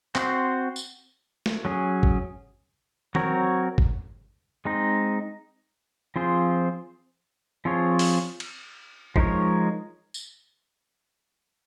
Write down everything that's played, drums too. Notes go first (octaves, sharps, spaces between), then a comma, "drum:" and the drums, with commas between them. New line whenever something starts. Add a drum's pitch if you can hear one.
C4 F#4 C5, drum: clap
drum: tambourine
drum: snare
F#3 C#4 G#4
drum: kick
F#3 C4 F#4 A#4 C#5, drum: tom E3
drum: kick
G#3 C4 D#4
F3 C4 F4 G#4 C5
F3 C4 F4 G#4 C#5
drum: open hi-hat
drum: cymbal
F3 G#3 D#4 A#4 C#5, drum: kick
drum: tambourine